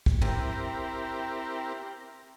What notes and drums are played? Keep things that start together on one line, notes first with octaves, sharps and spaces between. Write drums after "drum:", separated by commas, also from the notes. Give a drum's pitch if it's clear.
drum: kick
C4 E4 G4 A#4, drum: tom